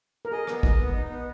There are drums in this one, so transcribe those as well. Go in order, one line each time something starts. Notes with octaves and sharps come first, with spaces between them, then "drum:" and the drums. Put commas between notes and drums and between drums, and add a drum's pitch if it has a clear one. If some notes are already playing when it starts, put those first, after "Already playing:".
A#4
G#4 D#5
B3, drum: rim click
D#5, drum: kick
B3
D#4
B3